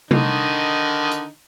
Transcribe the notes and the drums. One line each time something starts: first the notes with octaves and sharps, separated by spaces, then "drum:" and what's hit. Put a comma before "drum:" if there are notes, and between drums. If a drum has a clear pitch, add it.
D3 D#3 D#4, drum: tom C3
drum: hi-hat